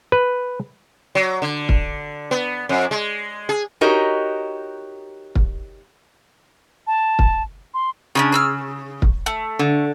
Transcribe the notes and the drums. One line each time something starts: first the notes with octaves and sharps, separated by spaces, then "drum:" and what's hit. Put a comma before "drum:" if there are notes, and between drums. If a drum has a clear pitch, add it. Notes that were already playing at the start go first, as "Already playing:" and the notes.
B4
F#3
D3
drum: kick
B3
F2
G#3
G#4
D#4 F#4 G4 A#4 C#5 D#5
drum: kick
A5
drum: kick
C6
C#3 C#4 D4 F4
G#4 E6 F6
drum: kick
A3
D3